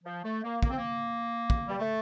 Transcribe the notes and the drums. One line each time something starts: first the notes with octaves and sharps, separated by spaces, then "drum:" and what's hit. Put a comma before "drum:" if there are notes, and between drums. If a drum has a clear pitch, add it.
F3
A3
A#3
A#3, drum: kick
C4
A#3
drum: kick
G3
A3